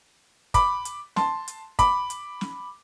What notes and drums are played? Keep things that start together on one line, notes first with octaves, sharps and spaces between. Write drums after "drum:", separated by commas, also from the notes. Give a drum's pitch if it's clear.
B5 D6, drum: kick, hi-hat
drum: hi-hat
A5 C6, drum: snare
drum: hi-hat
B5 D6, drum: kick, hi-hat
drum: hi-hat
drum: snare